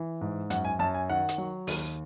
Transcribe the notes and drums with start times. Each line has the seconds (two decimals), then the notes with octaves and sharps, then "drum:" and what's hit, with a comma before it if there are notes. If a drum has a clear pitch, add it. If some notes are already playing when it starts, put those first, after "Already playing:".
Already playing: E3
0.21 G#2
0.50 F#2 F#5, drum: hi-hat
0.65 G#5
0.79 F#2 A5
0.94 G#5
1.09 D#3 F#5
1.29 drum: hi-hat
1.38 F#3
1.67 D#2, drum: open hi-hat